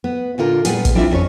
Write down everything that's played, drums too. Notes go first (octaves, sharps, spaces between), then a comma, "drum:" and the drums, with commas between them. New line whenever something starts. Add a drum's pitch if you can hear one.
B3
A#2 D3 F4 A#4
A#2 G3 B3 G#4, drum: hi-hat
drum: kick, hi-hat
G3 C4 D4 E4 F4 E5
F2 C#4 C#5